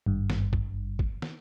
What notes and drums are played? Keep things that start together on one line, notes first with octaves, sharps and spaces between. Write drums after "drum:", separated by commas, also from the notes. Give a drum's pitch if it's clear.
G#1 G2
drum: snare
drum: kick
drum: kick
drum: snare